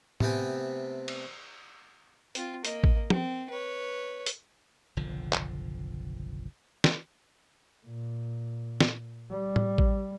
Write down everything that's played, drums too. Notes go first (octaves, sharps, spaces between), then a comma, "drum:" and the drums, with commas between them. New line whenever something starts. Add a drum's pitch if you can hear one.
C3 A3 B3 C4 G5 G#5, drum: tom A2
drum: cymbal
C4 F4, drum: hi-hat
A#3 D#5, drum: hi-hat
drum: kick A1
C4, drum: tom
B4 C#5
drum: hi-hat
F#1 B1 D3 F3
drum: clap
drum: snare
A#2
drum: snare
G3
drum: tom A2
drum: kick A1